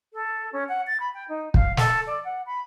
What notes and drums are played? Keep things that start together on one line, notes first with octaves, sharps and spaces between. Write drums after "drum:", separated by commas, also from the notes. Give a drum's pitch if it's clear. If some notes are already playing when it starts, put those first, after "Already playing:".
A4
C#4
F#5
A6
B5
G5
D#4
F5, drum: kick
A4, drum: snare
D5
F#5
B5